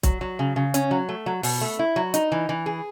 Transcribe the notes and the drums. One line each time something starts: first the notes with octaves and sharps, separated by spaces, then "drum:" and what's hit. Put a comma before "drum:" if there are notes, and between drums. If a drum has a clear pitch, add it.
F#3, drum: kick, hi-hat
F#3
C#3
C#3
C#4, drum: hi-hat
F#3
A3
F#3
B2, drum: open hi-hat
A3
E4
F#3
D#4, drum: hi-hat
E3
E3
G#4